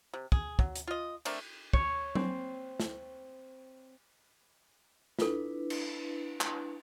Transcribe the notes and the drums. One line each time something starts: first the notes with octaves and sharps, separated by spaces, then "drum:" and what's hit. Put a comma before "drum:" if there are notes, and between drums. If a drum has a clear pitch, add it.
C3
G#4, drum: kick
F#3, drum: kick
drum: hi-hat
F4 D#5
A3 C4 D4 A#4, drum: cymbal
C#5, drum: kick
C4, drum: tom F#3
drum: snare
D4 E4 F4 A4 B4, drum: snare
drum: cymbal
drum: clap